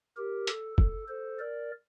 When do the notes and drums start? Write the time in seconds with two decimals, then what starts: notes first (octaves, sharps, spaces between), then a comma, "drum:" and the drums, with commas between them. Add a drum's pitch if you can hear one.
0.17 G4 A#4
0.47 A4, drum: hi-hat
0.78 A4, drum: kick
1.08 A4 C5
1.39 A#4 D5